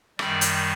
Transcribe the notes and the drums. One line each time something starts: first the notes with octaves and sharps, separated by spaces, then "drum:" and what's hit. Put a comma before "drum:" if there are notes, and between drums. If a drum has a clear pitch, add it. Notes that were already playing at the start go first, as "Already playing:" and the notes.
F#2 D#3 G3 D5, drum: rim click
drum: hi-hat